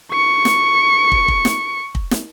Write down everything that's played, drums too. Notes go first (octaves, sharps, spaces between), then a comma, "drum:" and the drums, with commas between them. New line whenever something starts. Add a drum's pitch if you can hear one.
C#6 C#7
drum: snare
drum: kick
drum: kick
drum: snare
drum: kick
drum: snare